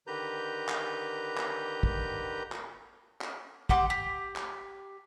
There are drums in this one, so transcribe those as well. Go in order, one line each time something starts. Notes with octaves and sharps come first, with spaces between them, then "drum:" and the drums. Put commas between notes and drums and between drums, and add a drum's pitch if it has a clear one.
D3 D#3 G4 B4 A#5 G6
drum: clap
drum: clap
drum: kick
drum: clap
drum: clap
G4 F#5 C6 D6, drum: kick
G4
drum: clap